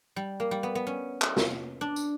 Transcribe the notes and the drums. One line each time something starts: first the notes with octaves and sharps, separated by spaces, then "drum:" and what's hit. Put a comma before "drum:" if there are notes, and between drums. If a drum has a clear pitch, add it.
G3
A#3
G3
B3
B3
C#4
drum: clap
drum: snare
D4
drum: tambourine